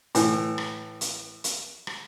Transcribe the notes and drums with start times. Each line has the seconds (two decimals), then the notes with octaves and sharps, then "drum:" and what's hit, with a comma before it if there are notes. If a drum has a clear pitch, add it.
0.15 A2 E3, drum: hi-hat
0.58 drum: rim click
1.01 drum: hi-hat
1.44 drum: hi-hat
1.87 drum: rim click